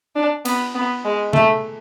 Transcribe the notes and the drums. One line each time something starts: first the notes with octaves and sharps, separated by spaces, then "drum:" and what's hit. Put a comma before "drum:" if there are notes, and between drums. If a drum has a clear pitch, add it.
D4
B3, drum: cymbal
B3
G#3
A3, drum: tom C3